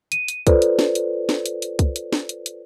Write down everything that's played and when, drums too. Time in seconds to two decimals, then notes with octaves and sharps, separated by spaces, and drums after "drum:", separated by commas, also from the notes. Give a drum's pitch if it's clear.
0.12 D#7, drum: hi-hat
0.28 drum: hi-hat
0.47 F4 A4 B4 C5 D5, drum: kick C2, hi-hat
0.62 drum: hi-hat
0.79 drum: snare
0.95 drum: hi-hat
1.29 drum: snare
1.46 drum: hi-hat
1.62 drum: hi-hat
1.79 drum: kick C2, hi-hat
1.96 drum: hi-hat
2.13 drum: snare
2.29 drum: hi-hat
2.46 drum: hi-hat